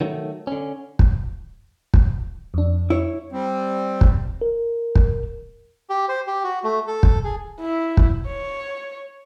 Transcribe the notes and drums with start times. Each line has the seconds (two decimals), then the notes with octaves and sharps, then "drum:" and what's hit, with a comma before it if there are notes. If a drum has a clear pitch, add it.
0.01 D#3 F#3 A3
0.47 D3 C#4
0.99 drum: kick
1.94 drum: kick
2.54 F2 D4
2.90 E4 C#5
3.32 G3 C4
4.01 drum: kick
4.41 A#4
4.95 drum: kick
5.90 G4
6.09 C5
6.27 G4
6.44 F#4
6.64 A3
6.87 A4
7.03 drum: kick
7.24 G#4
7.60 E4
7.97 drum: kick
8.27 C#5